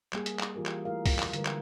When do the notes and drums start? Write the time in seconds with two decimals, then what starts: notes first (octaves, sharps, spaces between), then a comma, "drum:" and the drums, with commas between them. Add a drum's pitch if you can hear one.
0.13 G3 A#3 G#4, drum: clap
0.26 drum: hi-hat
0.39 drum: clap
0.56 E3 F4 G4 A#4
0.66 drum: clap
0.85 A3 E4 F4 A#4 F5
1.06 drum: kick, open hi-hat
1.19 drum: clap
1.33 D3 G3 G#3 A#4 B4, drum: hi-hat
1.45 drum: clap